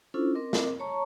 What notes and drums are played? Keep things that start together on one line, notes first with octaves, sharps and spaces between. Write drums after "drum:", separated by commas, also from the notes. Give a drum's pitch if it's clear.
C#4 D4 E4 F4 A4 C5
C4 A#4 D#5 D6
drum: snare
C#5 A5 A#5 C#6